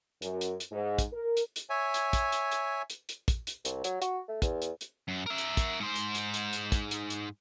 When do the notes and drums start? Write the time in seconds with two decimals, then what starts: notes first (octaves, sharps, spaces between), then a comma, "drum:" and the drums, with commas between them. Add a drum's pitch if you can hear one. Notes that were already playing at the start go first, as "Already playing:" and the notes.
0.22 F#2, drum: hi-hat
0.41 drum: hi-hat
0.60 drum: hi-hat
0.72 G#2
0.98 drum: kick, hi-hat
1.13 A#4
1.37 drum: hi-hat
1.56 drum: hi-hat
1.70 C#5 E5 G#5
1.94 drum: hi-hat
2.13 drum: kick, hi-hat
2.32 drum: hi-hat
2.51 drum: hi-hat
2.90 drum: hi-hat
3.09 drum: hi-hat
3.28 drum: kick, hi-hat
3.47 drum: hi-hat
3.65 C2, drum: hi-hat
3.84 F#3, drum: hi-hat
4.02 F#4, drum: hi-hat
4.28 A3
4.42 E2, drum: kick, hi-hat
4.62 drum: hi-hat
4.81 drum: hi-hat
5.08 F#2
5.26 A#4 E5
5.38 drum: hi-hat
5.57 drum: kick, hi-hat
5.80 G#2 C5
5.96 drum: hi-hat
6.15 drum: hi-hat
6.34 drum: hi-hat
6.53 drum: hi-hat
6.72 drum: kick, hi-hat
6.91 drum: hi-hat
7.10 drum: hi-hat